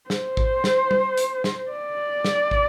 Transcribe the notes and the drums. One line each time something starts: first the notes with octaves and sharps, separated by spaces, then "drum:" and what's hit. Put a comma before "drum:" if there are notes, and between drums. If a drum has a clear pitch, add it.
C5, drum: snare
drum: kick
drum: snare
drum: tom
drum: hi-hat
drum: snare
D5
drum: snare
drum: kick